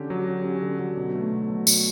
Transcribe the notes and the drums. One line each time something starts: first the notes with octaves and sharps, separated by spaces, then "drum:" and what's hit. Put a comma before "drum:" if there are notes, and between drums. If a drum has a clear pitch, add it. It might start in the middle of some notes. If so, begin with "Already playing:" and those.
Already playing: D3 C#4 G4
F#3
G4
C#4
D3
F#3
B2
A3
B2
F#3
B2, drum: tambourine